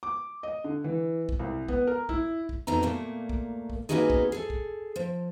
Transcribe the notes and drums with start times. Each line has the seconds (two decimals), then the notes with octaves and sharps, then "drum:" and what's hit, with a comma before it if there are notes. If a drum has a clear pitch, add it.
0.03 D6
0.43 D#5
0.64 D3
0.84 E3
1.29 drum: kick
1.39 C2
1.68 B3, drum: kick
1.87 A#4
2.09 E4, drum: kick
2.49 drum: kick
2.67 F2 B2 D#4 A#5
2.83 A#2 A3 A#3
3.29 drum: kick
3.70 drum: kick
3.89 A#3 B3 C#4 D#4 F#4 G#4
4.10 drum: kick
4.32 G#4 A4
4.50 drum: kick
4.96 F3